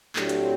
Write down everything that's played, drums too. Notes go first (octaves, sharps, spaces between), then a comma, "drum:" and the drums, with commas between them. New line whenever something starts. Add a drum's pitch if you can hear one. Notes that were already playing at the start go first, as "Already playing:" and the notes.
A2 F#3 A3 C4 D4 G4, drum: clap
drum: hi-hat